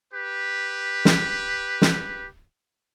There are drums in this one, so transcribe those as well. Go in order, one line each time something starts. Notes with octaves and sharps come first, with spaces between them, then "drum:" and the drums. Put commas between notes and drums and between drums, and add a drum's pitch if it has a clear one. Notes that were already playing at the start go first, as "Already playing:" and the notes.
G4 B4
drum: snare
drum: snare